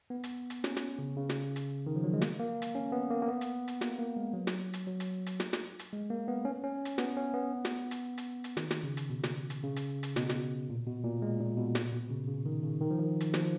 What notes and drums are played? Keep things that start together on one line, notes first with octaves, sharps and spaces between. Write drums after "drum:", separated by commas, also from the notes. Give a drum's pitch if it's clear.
B3
drum: hi-hat
drum: hi-hat
C#4, drum: snare
drum: snare
C#3
C#3
drum: snare
drum: hi-hat
D#3
F3
F#3
G#3
A#3, drum: snare
A#3
drum: hi-hat
C#4
B3
A#3
A#3
B3
drum: hi-hat
drum: hi-hat
A#3, drum: snare
A#3
G#3
F#3
drum: snare
drum: hi-hat
F#3
drum: hi-hat
drum: hi-hat
drum: snare
drum: snare
drum: hi-hat
G#3
A#3
B3
C#4
C#4
drum: hi-hat
B3, drum: snare
C#4
B3
drum: snare
drum: hi-hat
drum: hi-hat
drum: hi-hat
D#3, drum: snare
drum: snare
C#3
drum: hi-hat
B2
drum: snare
drum: hi-hat
C#3
drum: hi-hat
drum: hi-hat
B2, drum: snare
drum: snare
A#2
B2
A#2
G#3
A#2
B2
A#2, drum: snare
B2
C#3
C#3
D#3
C#3
D#3
F3
D#3
drum: hi-hat
F3, drum: snare